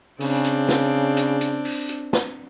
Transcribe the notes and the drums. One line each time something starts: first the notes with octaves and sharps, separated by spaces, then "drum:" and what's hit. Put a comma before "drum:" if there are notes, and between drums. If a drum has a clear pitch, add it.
C#3 C4 D4, drum: open hi-hat
drum: hi-hat
drum: snare
drum: hi-hat
drum: hi-hat
drum: open hi-hat
drum: hi-hat
drum: snare